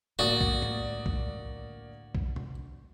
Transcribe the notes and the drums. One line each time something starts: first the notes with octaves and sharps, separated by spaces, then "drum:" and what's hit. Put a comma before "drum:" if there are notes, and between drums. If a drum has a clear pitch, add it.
A2 D3 A#3 F#4 D5 D#6
drum: kick
drum: tom G#3
drum: kick
drum: kick
drum: tom C3